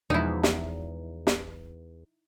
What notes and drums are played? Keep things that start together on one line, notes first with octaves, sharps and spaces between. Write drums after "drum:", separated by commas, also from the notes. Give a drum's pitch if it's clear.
E2 B2 F3 G#3 D#4 E4
drum: snare
drum: snare